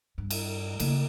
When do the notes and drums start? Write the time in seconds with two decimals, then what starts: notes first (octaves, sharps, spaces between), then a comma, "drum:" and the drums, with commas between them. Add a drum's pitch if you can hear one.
0.18 G2
0.31 drum: cymbal
0.80 C#3 A#3, drum: cymbal